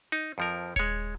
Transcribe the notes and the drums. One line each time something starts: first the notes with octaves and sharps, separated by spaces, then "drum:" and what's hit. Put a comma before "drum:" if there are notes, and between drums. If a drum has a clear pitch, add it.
D#4
F2 F3 A#4
G#3 C#5, drum: kick D#1